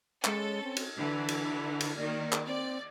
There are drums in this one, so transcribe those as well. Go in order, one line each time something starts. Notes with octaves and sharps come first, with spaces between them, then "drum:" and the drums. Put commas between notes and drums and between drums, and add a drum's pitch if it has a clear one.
G#3 C#4 A4, drum: clap
C4
drum: cymbal
D3 E3 D4
drum: cymbal
drum: cymbal
D#3 A#3 D5
drum: clap
C4 D5